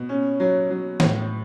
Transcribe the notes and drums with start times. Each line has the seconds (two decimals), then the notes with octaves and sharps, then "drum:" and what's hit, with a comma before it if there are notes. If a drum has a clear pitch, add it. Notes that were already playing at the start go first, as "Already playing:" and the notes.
Already playing: B2
0.09 C#4
0.40 F#3
0.70 F#3
1.00 A2, drum: snare